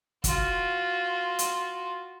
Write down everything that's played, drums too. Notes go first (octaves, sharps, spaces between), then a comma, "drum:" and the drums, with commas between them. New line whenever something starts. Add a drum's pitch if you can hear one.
F4 F#4, drum: kick, hi-hat
drum: hi-hat